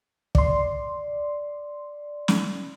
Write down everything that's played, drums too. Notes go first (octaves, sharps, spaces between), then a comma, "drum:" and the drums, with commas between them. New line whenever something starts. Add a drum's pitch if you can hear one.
D5 C6, drum: kick
drum: snare